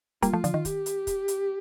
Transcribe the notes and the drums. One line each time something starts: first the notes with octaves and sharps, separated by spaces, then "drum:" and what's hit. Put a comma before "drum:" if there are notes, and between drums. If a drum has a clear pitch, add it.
G3 A#3 F4, drum: kick, hi-hat
F3 A3
D3 F3, drum: hi-hat
D#3
G4, drum: kick, hi-hat
drum: hi-hat
drum: kick, hi-hat
drum: hi-hat